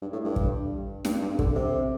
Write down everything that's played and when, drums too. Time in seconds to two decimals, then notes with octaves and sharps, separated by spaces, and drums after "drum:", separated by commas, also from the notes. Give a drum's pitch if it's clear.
0.02 G2
0.13 A2
0.24 G2
0.36 drum: kick
1.05 G2, drum: snare
1.22 G2
1.39 D3, drum: kick
1.55 C3